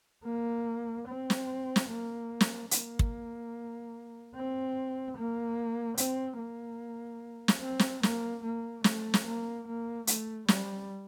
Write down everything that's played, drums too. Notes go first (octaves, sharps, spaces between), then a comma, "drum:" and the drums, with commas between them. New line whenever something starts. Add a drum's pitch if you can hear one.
A#3
C4
drum: snare
drum: snare
A#3
drum: snare
A#3, drum: hi-hat
drum: kick
C4
A#3
C4, drum: hi-hat
A#3
drum: snare
C4
drum: snare
A#3, drum: snare
A#3
A3, drum: snare
drum: snare
A#3
A#3
A3, drum: hi-hat
G3, drum: snare